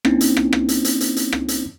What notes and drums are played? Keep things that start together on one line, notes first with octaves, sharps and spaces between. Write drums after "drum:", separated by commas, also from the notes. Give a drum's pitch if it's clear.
A#3 C4 C#4 D#4 E4, drum: rim click
drum: hi-hat
drum: rim click
drum: rim click
drum: hi-hat
drum: hi-hat
drum: hi-hat
drum: hi-hat
drum: rim click
drum: hi-hat